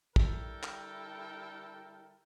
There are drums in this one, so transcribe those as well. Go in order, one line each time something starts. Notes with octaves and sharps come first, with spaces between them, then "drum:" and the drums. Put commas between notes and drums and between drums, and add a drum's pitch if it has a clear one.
D3 G3 E4 A4 A#4 G5, drum: kick
drum: clap